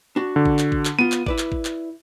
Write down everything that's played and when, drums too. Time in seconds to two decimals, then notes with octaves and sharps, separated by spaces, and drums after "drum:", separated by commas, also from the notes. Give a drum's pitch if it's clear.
0.16 D4 F#4
0.36 D3
0.45 drum: kick G#1
0.59 drum: clap
0.72 drum: kick G#1
0.85 drum: clap
0.99 B3 F4 D#7
1.12 drum: clap
1.26 E4 B4 D5, drum: kick G#1
1.38 drum: clap
1.52 drum: kick G#1
1.65 drum: clap